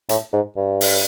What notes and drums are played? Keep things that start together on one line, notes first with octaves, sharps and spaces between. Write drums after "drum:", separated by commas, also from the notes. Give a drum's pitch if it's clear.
A2, drum: hi-hat
G#2
G2
drum: open hi-hat